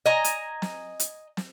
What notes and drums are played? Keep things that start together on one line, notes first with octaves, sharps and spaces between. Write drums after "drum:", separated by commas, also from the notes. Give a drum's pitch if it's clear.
D#5 G#5 A#5
drum: hi-hat
drum: snare
drum: hi-hat
drum: snare